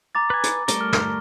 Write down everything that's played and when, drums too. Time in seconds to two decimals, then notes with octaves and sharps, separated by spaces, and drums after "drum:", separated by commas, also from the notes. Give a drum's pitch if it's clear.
0.15 A#5 D6 A6
0.30 B4 G#5
0.43 drum: hi-hat
0.68 G3 A3 A#4 G7, drum: hi-hat
0.81 F6
0.93 drum: snare